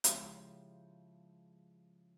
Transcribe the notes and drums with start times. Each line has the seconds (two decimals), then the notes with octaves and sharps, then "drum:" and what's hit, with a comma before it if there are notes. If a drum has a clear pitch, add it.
0.04 C#3 F3 G#3 E4 G4 C5, drum: hi-hat